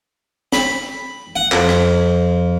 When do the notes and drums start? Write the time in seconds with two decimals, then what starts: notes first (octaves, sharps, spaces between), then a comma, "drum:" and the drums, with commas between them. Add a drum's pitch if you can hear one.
0.52 B5, drum: snare
1.36 F#5
1.52 F2, drum: clap
1.69 drum: rim click